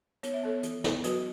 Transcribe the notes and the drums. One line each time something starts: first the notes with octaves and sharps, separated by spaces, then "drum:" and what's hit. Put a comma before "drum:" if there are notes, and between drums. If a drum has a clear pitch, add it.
B3 C#5, drum: hi-hat
E5
B3 A4 C#5
E3, drum: hi-hat
B3, drum: snare
F#3 F#4 B4, drum: hi-hat